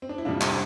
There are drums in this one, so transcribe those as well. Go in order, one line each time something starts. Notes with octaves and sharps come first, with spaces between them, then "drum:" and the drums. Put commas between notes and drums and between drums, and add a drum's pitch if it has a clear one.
C4
D4
E4
F2 C3 G3 D4 F4
drum: clap